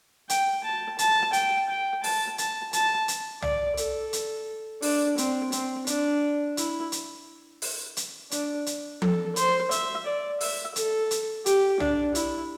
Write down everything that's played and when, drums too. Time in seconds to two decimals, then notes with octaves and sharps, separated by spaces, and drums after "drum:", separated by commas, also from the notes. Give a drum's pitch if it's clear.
0.30 G5, drum: hi-hat
0.64 A5
0.99 A5, drum: hi-hat
1.33 G5, drum: hi-hat
1.69 G5
2.04 A5, drum: open hi-hat
2.38 A5, drum: hi-hat
2.73 A5, drum: hi-hat
3.08 drum: hi-hat
3.42 D5, drum: tom
3.77 A4, drum: hi-hat
4.13 drum: hi-hat
4.82 D4, drum: open hi-hat
5.18 C4, drum: hi-hat
5.52 C4, drum: hi-hat
5.87 D4, drum: hi-hat
6.57 E4, drum: hi-hat
6.92 drum: hi-hat
7.62 drum: open hi-hat
7.97 drum: hi-hat
8.31 D4, drum: hi-hat
8.66 drum: hi-hat
9.02 A4, drum: tom F3
9.36 C5, drum: hi-hat
9.71 E5, drum: hi-hat
10.06 D5
10.41 E5, drum: open hi-hat
10.76 A4, drum: hi-hat
11.11 drum: hi-hat
11.46 G4, drum: hi-hat
11.80 D4, drum: tom
12.15 E4, drum: hi-hat